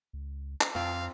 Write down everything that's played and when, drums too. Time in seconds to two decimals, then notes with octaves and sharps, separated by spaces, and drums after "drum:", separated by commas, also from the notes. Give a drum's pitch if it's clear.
0.13 C#2
0.61 drum: clap
0.75 F2 C4 F4 F5